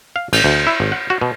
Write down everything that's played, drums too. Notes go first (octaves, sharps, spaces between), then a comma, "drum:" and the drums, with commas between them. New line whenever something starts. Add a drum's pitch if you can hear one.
F5
A1, drum: cymbal
D2
E4
G#1
F#5
F#4
B2